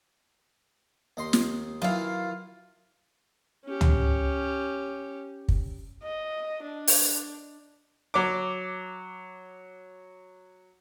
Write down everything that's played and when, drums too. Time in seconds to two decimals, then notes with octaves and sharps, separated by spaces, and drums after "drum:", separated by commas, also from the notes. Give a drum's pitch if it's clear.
1.17 D#2 D#5 C6
1.33 drum: snare
1.82 D#3 E3 F#3 E4 F4 F5
3.65 C#4 G4
3.81 drum: tom C#2
5.49 drum: kick
6.03 D#5
6.63 D4
6.88 drum: open hi-hat
8.14 F#3 D6